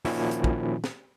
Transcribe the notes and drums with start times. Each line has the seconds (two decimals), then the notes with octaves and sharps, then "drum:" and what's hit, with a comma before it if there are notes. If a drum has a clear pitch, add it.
0.05 A#2 D#3 F3 C#4 E4 F#4, drum: open hi-hat
0.31 drum: hi-hat
0.44 drum: kick
0.84 drum: snare